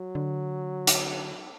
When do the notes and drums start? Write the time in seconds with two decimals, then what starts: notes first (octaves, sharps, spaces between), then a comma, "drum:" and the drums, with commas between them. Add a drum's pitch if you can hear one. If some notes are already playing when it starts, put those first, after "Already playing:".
Already playing: F#3
0.15 D3
0.87 drum: hi-hat